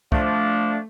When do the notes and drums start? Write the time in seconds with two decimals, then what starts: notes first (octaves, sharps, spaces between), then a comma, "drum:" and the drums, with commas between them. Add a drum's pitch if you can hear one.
0.12 F3 A3 D4, drum: kick